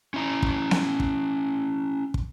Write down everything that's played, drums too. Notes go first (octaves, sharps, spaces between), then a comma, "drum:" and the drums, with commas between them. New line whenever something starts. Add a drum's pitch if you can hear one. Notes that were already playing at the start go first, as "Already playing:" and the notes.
C#4 E4 A#5
drum: kick
drum: snare B3
drum: kick
drum: kick